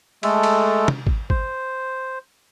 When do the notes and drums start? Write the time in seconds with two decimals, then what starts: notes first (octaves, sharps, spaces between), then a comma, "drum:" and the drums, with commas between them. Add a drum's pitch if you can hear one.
0.23 G#3 A3 A4, drum: cymbal
0.43 drum: cymbal
0.88 drum: tom
1.07 drum: kick G#1
1.30 C5, drum: kick G#1